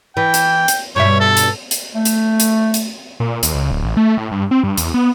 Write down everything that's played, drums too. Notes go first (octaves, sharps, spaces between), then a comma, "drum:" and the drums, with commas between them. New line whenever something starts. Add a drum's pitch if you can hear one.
E3 G5
drum: hi-hat
drum: hi-hat
G2 B2 C#5 E5
A4
drum: hi-hat
drum: hi-hat
A3
drum: hi-hat
drum: hi-hat
drum: hi-hat
A#2
D#2, drum: hi-hat
C#2
D1
A1
A3
A2
G2
C4
G2
E2, drum: hi-hat
B3